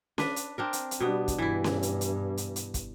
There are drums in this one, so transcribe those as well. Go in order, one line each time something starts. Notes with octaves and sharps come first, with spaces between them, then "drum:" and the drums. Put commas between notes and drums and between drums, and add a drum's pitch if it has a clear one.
D4 B4, drum: snare C#4
drum: hi-hat
C4 D4 A#4
drum: hi-hat
drum: hi-hat
B2 G3 B3 D4
drum: kick, hi-hat
G2 E3 E4
drum: snare C#4
drum: hi-hat
drum: hi-hat
drum: hi-hat
drum: hi-hat
drum: kick, hi-hat